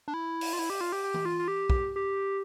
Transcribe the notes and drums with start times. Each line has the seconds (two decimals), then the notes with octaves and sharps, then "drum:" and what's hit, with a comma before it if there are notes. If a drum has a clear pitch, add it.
0.08 D4
0.14 E4
0.41 drum: open hi-hat
0.53 F4
0.59 E4
0.70 G4
0.81 F4
0.92 G4
1.04 G4
1.14 drum: tom E3
1.25 F4
1.39 F4
1.48 G4
1.70 G4, drum: kick
1.96 G4